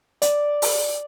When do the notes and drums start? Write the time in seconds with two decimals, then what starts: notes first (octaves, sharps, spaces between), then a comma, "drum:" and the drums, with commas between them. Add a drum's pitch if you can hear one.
0.22 D5, drum: hi-hat
0.62 drum: open hi-hat